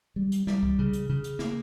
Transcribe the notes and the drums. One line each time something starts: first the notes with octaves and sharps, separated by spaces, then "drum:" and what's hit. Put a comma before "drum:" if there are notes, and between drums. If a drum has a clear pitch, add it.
G3
drum: hi-hat
G3, drum: snare
drum: kick C2
C#3
drum: hi-hat
C#3
drum: hi-hat
A#3, drum: snare